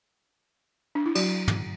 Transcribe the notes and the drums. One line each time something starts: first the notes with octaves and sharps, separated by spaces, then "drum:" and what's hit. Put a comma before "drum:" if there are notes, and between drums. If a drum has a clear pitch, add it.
D4
E4
F#3 F#4, drum: cymbal
drum: tom